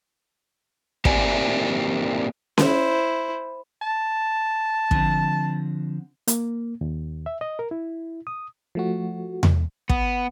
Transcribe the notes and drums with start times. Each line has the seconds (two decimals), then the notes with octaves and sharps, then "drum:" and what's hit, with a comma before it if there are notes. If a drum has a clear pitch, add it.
1.05 A#3 C4 G4 A#4 D5 G#5, drum: kick
2.58 E4 C5, drum: snare C#4
3.82 A5
4.91 D3 F3 C4, drum: kick
6.28 A#3, drum: hi-hat
6.81 D#2
7.26 E5
7.41 D#5
7.59 A#4
7.71 E4
8.27 D#6
8.75 F3 A3 F#4
9.43 drum: tom E2
9.89 B3, drum: kick